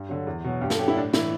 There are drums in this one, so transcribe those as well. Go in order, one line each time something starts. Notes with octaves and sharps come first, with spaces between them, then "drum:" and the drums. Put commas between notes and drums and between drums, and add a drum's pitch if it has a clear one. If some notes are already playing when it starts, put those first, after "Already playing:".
Already playing: G2
D3 F#3
E2
B2 F#3
G2 G4
A4, drum: snare
F#3 G4
E4
A2 D4
E3 E4, drum: snare